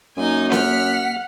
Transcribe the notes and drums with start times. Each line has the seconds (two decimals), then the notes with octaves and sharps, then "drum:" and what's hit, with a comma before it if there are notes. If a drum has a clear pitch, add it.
0.17 F#2 A#3 D#4 G#5
0.52 F#5 F6 B6, drum: snare C#4